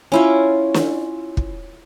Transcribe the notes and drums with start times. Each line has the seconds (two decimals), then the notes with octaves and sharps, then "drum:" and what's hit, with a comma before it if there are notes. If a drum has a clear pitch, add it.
0.12 C#4 E4 F4
0.74 drum: snare
1.37 drum: kick